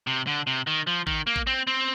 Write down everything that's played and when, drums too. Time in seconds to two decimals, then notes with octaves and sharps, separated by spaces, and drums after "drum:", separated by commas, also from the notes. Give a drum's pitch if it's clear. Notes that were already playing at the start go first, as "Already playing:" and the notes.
0.07 C3
0.27 D3
0.47 C3
0.67 D#3
0.87 F3
1.07 D#3, drum: kick A1
1.27 A#3
1.36 drum: kick A1
1.47 C4
1.67 C4